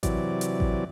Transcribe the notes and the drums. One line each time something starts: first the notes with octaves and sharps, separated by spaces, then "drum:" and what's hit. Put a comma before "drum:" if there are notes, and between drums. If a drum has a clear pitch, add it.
C3 E3 F#3 D5, drum: kick A1, hi-hat
drum: hi-hat
drum: kick A1